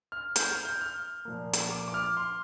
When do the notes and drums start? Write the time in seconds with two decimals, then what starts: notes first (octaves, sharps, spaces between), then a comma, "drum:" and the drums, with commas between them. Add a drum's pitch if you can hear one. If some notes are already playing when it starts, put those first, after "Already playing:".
0.12 F6
0.36 G6, drum: hi-hat
0.51 F6
0.65 G6
0.81 F6
1.25 A#2 F3 A#3
1.53 drum: hi-hat
1.70 D6
1.88 D6
1.94 F6
2.17 C6